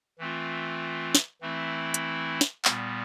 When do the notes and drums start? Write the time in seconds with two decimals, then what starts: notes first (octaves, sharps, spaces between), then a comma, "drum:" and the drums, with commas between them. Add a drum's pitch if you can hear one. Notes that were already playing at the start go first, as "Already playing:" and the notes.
0.19 E3 A3 C4 F4
1.15 drum: snare
1.41 E3 A3 C4 E4
1.94 drum: hi-hat
2.41 drum: snare
2.65 A#2 G3 B3, drum: clap